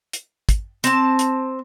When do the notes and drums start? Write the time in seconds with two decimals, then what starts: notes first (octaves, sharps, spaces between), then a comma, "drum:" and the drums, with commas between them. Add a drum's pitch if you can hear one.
0.13 drum: hi-hat
0.49 drum: kick, hi-hat
0.84 C4 A5, drum: hi-hat
1.19 drum: hi-hat